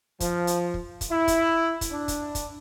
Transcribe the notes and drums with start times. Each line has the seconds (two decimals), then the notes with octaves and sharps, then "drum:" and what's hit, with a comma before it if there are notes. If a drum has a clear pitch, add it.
0.20 F3, drum: kick, hi-hat
0.47 drum: hi-hat
0.74 drum: kick
1.01 drum: kick, hi-hat
1.11 E4
1.28 drum: kick, hi-hat
1.81 drum: kick, hi-hat
1.91 D4
2.08 drum: kick, hi-hat
2.35 drum: kick, hi-hat